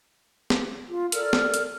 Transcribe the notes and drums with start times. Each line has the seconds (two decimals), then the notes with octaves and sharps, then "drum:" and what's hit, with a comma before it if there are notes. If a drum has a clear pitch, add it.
0.50 drum: snare
0.88 F4
1.12 A4 A#4 D5 F6, drum: hi-hat
1.33 drum: snare
1.54 drum: hi-hat